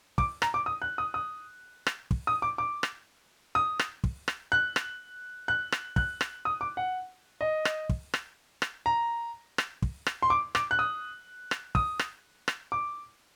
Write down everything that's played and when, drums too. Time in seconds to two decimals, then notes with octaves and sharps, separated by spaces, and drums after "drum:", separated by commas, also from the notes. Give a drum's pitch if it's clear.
0.18 D6, drum: kick
0.42 A#5, drum: rim click
0.54 D6
0.66 D#6
0.82 F#6
0.98 D#6
1.14 D#6
1.87 drum: rim click
2.11 drum: kick
2.27 D#6
2.42 D6
2.58 D6
2.83 drum: rim click
3.55 D#6
3.79 drum: rim click
4.04 drum: kick
4.28 drum: rim click
4.52 F#6
4.76 drum: rim click
5.48 F#6
5.72 drum: rim click
5.96 F#6, drum: kick
6.21 drum: rim click
6.45 D#6
6.61 D6
6.77 F#5
7.41 D#5
7.65 drum: rim click
7.89 drum: kick
8.14 drum: rim click
8.62 drum: rim click
8.86 A#5
9.58 drum: rim click
9.82 drum: kick
10.07 drum: rim click
10.22 C6
10.30 D6
10.55 D6, drum: rim click
10.71 F#6
10.79 D#6
11.51 drum: rim click
11.75 D#6, drum: kick
11.99 drum: rim click
12.48 drum: rim click
12.72 D6